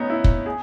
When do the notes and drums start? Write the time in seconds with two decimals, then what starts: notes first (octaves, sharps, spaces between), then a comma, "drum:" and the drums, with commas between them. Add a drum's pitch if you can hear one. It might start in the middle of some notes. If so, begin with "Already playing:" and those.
Already playing: A3 B3 C#4 D#4
0.10 E4
0.24 drum: kick
0.46 G#4